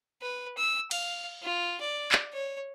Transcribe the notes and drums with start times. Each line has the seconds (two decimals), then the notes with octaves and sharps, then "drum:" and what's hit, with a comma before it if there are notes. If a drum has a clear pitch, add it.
0.22 B4
0.57 E6
0.91 F5, drum: cymbal
1.43 F4
1.81 D5
2.12 drum: clap
2.33 C#5